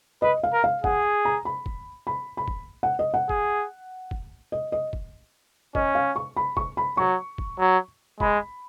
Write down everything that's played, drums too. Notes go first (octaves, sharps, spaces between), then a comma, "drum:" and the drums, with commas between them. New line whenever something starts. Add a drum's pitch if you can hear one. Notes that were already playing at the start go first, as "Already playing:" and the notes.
B4 D#5
F5
A#4
F5
G#4 F#5, drum: kick
A#5
B5
drum: kick
B5
B5
drum: kick
F#5
D#5
F#5
G#4, drum: kick
drum: kick
D#5
D#5
drum: kick
C#4 D#5, drum: kick
F5
C#6
B5
C#6, drum: kick
B5
F#3 C#6
drum: kick
F#3
G#3 B5, drum: kick